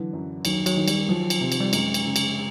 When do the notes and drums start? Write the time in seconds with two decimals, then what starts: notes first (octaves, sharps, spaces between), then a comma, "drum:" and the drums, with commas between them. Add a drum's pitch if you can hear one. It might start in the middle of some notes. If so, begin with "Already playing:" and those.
Already playing: D3 E3 F#3
0.13 F#2
0.45 D#2 F#3, drum: cymbal
0.66 F#3, drum: cymbal
0.77 D#3
0.88 G3, drum: cymbal
1.09 F3 F#3
1.30 drum: cymbal
1.41 C3
1.52 drum: cymbal
1.61 G3
1.73 F#2 G#3, drum: cymbal
1.94 drum: cymbal
2.05 C#3
2.16 drum: cymbal